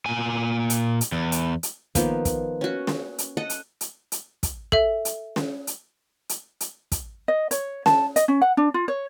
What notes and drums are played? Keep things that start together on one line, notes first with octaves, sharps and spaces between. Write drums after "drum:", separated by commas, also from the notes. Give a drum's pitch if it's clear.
A#2 G#5
drum: hi-hat
drum: hi-hat
E2
drum: hi-hat
drum: hi-hat
D#3 F3 A#3 B3, drum: kick, hi-hat
drum: kick, hi-hat
C#4 F#4
drum: snare
drum: hi-hat
A4 D#5 F#5
drum: hi-hat
drum: hi-hat
drum: hi-hat
drum: kick, hi-hat
A4 E5, drum: kick
drum: hi-hat
drum: snare
drum: hi-hat
drum: hi-hat
drum: hi-hat
drum: kick, hi-hat
D#5
C#5, drum: hi-hat
A5, drum: snare
D#5, drum: hi-hat
C#4
F#5
D4
F4
C#5